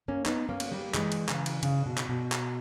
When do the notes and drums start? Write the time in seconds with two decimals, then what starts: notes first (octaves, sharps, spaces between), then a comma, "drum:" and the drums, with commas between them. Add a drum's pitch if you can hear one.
0.08 A#3 C#4
0.26 B3 D#4, drum: clap
0.49 A#3 C#4
0.60 drum: cymbal
0.71 G3 A#3
0.95 E3 G#3, drum: clap
1.12 drum: cymbal
1.29 C#3 E3, drum: clap
1.46 drum: cymbal
1.63 C#3, drum: cymbal
1.86 B2
1.98 drum: clap
2.09 B2
2.32 drum: clap